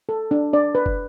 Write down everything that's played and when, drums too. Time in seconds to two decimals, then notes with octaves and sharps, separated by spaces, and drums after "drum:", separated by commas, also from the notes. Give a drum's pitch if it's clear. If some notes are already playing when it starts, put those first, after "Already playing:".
0.09 A4
0.31 D4
0.53 D4 D5
0.75 B4
0.86 drum: kick